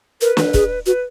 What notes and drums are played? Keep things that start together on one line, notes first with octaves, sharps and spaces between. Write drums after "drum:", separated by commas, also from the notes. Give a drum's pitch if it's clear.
A#4 B4
drum: snare
G#4, drum: kick
F#4 B4